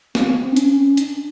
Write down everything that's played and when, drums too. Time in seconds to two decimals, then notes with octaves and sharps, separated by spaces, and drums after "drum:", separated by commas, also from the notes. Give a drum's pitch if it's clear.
0.15 C4, drum: snare
0.25 B3
0.36 C4
0.52 D4
0.56 C#4, drum: hi-hat
0.97 D4, drum: hi-hat